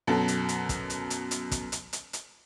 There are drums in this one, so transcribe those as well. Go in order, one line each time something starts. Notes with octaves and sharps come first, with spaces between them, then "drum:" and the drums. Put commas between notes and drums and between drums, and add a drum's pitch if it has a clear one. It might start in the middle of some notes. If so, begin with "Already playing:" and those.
F#2 B2 A4
drum: hi-hat
drum: hi-hat
drum: kick, hi-hat
drum: hi-hat
drum: hi-hat
drum: hi-hat
drum: kick, hi-hat
drum: hi-hat
drum: hi-hat
drum: hi-hat